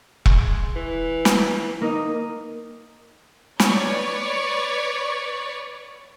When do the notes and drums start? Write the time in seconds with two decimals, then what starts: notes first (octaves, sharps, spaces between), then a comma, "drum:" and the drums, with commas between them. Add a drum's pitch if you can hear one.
0.26 G#3, drum: kick E1
0.76 E3
1.25 drum: snare
1.81 A#3 D#4 D#6
3.60 B4 C#5 D5, drum: snare